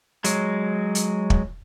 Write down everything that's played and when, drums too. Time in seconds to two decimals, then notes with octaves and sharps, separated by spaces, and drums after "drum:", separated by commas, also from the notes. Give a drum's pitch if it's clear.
0.24 F#3 G#3, drum: hi-hat
0.95 drum: hi-hat
1.30 drum: kick